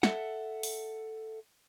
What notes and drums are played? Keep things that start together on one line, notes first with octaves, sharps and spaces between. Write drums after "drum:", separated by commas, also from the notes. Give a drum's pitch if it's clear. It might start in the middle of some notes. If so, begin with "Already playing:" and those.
A4 E5 F#5, drum: snare
drum: open hi-hat